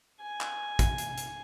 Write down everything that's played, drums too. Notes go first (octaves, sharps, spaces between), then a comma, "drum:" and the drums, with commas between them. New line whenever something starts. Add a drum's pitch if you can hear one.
G#5
drum: clap
drum: kick, hi-hat
drum: hi-hat
drum: hi-hat